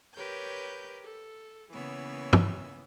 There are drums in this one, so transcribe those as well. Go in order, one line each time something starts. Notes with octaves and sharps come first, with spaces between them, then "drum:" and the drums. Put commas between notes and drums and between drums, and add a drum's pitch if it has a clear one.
G4 A#4 B4 C#5 G6
A4
C#3 E3 A#3 B3 C#5 E6
drum: tom G2